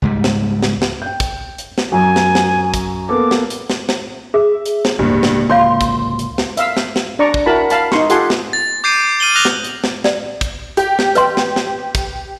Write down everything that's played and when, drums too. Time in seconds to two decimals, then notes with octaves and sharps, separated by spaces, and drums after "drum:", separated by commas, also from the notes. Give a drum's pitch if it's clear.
0.02 C#2 G#2 G3
0.24 drum: snare
0.63 drum: snare
0.82 drum: snare
1.02 G5 G6
1.20 drum: kick, hi-hat
1.58 drum: hi-hat
1.78 drum: snare
1.92 F#2 F#3 G#5
2.16 drum: snare
2.35 drum: snare
2.74 drum: kick, hi-hat
3.09 A#3 B3 A4 D6
3.31 drum: snare
3.50 drum: hi-hat
3.70 drum: snare
3.89 drum: snare
4.34 G#4 E5
4.65 drum: hi-hat
4.85 drum: snare
4.99 D1 C#2 G2 A#3
5.23 drum: snare
5.50 F4 C#5 F5 C6
5.81 drum: kick, hi-hat
6.19 drum: hi-hat
6.38 drum: snare
6.57 E5 F5 E6, drum: hi-hat
6.77 drum: snare
6.96 drum: snare
7.19 D4 D5 A#5 C#6
7.34 drum: kick
7.46 E4 F#4 A#4 A5 B5
7.70 F5 A5 B5, drum: hi-hat
7.92 D#4 C6 C#6, drum: snare
8.10 F4 G4 A4 F#5 G#5 C6, drum: hi-hat
8.30 drum: snare
8.53 A6
8.84 D6 G6 A6 C7 D7 D#7
9.20 F6 D#7 F#7 G7
9.35 D#6 F6 F#6 A#6 F7 G7
9.45 drum: snare
9.64 drum: hi-hat
9.84 drum: snare
10.04 D5, drum: snare
10.41 drum: kick, hi-hat
10.77 G4, drum: hi-hat
10.99 drum: snare
11.15 B4 D#5 C6, drum: hi-hat
11.37 drum: snare
11.56 drum: snare
11.95 drum: kick, hi-hat